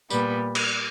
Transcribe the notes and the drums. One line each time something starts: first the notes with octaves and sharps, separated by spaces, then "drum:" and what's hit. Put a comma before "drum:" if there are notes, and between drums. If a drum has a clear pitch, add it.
A#2 G3 B3, drum: tambourine
drum: cymbal